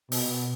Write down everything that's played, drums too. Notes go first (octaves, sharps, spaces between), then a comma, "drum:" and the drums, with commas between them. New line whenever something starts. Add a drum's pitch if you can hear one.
B2, drum: open hi-hat